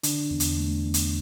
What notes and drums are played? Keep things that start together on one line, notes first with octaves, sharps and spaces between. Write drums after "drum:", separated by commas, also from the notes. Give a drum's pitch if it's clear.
D3 D4, drum: hi-hat
E2
drum: hi-hat
A3
E2
drum: hi-hat